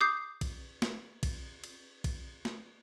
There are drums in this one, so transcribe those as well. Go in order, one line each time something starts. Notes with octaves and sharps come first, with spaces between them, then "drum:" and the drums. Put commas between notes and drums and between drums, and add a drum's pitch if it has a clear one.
D6 D#6 G6 C7
drum: kick A#1, cymbal
drum: snare
drum: kick A#1, cymbal
drum: cymbal
drum: kick A#1, cymbal
drum: snare